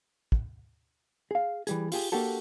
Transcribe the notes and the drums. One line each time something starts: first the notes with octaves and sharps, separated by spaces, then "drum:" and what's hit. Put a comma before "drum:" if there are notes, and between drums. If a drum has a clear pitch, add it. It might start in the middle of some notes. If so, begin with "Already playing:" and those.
drum: kick
G#4 F5
E3 G3 G#4, drum: hi-hat
F4 G4 G#4, drum: open hi-hat
A#3 D4 F#4 G4 A4